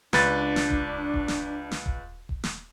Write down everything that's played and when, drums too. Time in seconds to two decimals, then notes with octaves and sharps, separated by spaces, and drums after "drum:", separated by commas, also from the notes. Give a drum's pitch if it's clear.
0.13 C#2 D4 B4 A6, drum: snare
0.56 drum: snare
0.71 drum: kick D#1
1.14 drum: kick D#1
1.28 drum: snare
1.71 drum: snare
1.86 drum: kick D#1
2.29 drum: kick D#1
2.44 drum: snare